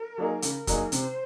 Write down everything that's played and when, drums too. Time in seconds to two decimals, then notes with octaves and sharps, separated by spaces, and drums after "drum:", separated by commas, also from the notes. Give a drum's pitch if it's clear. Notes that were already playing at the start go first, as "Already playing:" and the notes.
Already playing: A#4
0.18 F#3 A#3 D#4 G#4
0.42 C#3 A#4, drum: hi-hat
0.67 F#3 A#3 D#4 G#4, drum: kick, hi-hat
0.92 C3 C5, drum: hi-hat